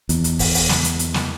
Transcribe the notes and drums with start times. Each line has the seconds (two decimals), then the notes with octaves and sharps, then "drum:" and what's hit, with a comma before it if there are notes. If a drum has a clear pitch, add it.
0.09 E2, drum: hi-hat
0.24 drum: hi-hat
0.39 drum: kick, open hi-hat
0.54 drum: open hi-hat
0.69 drum: snare
0.84 drum: hi-hat
0.99 drum: hi-hat
1.14 drum: snare